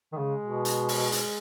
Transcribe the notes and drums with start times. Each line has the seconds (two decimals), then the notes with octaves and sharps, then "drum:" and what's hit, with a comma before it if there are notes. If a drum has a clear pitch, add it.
0.12 D#3
0.17 C#3 G#3
0.41 B2
0.65 drum: hi-hat
0.89 drum: open hi-hat
1.12 drum: hi-hat